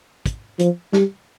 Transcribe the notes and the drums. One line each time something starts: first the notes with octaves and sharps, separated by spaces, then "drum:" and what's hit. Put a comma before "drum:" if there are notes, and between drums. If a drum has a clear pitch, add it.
drum: kick, hi-hat
F3, drum: hi-hat
G3, drum: snare